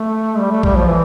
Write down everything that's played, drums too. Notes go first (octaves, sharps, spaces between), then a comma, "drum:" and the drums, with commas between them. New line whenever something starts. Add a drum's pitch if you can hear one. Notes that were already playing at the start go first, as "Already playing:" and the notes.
Already playing: A3
G3
A3
G3, drum: kick
F3
E3